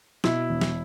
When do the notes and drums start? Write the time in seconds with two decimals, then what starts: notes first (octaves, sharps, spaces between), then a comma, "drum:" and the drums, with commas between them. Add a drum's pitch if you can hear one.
0.24 B2 E4, drum: snare
0.49 E1
0.61 drum: snare